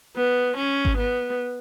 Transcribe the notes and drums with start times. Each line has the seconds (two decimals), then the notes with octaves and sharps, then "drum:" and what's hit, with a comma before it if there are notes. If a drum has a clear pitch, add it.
0.17 B3
0.57 C#4
0.85 drum: kick G#1
0.98 B3